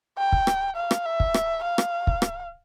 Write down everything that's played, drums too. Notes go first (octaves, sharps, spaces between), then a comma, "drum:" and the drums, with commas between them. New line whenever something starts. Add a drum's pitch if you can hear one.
G5
drum: kick
drum: rim click
F5
drum: rim click
E5
drum: kick
drum: rim click
F5
drum: rim click
drum: kick
drum: rim click